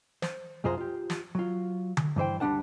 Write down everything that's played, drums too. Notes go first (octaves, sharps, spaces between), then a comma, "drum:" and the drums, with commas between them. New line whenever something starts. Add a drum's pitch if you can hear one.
C5, drum: snare
C2 F#2 F4 G#4 C5 A#5
F4 G4
drum: snare
F#3 F4
drum: tom D3
G2 E3 C5 G5
D2 G3 A3 D4 F#5 A5